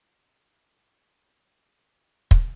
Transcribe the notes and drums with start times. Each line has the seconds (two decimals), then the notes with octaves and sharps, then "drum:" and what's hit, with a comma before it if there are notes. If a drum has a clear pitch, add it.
0.18 F2 F3
2.31 drum: kick